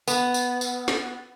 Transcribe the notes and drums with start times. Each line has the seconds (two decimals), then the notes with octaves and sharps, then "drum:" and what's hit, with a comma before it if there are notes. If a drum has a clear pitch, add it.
0.08 B3, drum: tambourine
0.34 drum: tambourine
0.61 drum: tambourine
0.88 drum: snare